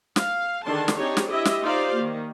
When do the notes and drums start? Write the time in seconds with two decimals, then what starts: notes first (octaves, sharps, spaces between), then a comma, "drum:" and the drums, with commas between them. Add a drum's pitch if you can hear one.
0.16 F5, drum: snare
0.66 D3 D#3 D4 G#4 A5 C6
0.88 drum: snare
0.97 C4 D4 D#4 G4 G#4 C#5
1.17 drum: snare
1.28 E4 G4 D#5 E5
1.45 drum: snare
1.63 D#4 F4 G4 C5 D5 F5
1.97 D#3 A#3